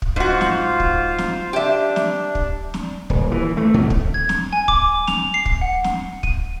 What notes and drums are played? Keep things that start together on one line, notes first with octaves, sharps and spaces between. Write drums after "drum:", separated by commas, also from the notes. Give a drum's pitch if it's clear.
drum: kick
G#2 F4 F#4 C5 F5
drum: snare
drum: kick
drum: snare
D4 G4 E5
drum: snare
drum: kick
drum: snare
D#1, drum: kick
E3
A3
B2
drum: kick
G#6
drum: snare
G#5
D6, drum: kick
F7, drum: snare
C7
drum: kick
F#5
drum: snare
D#7, drum: kick